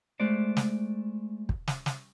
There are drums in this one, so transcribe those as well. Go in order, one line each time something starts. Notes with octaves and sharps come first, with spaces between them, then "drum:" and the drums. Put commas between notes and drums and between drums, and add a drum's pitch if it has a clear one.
G#3 A3 C5 D5
drum: snare
drum: kick
drum: snare
drum: snare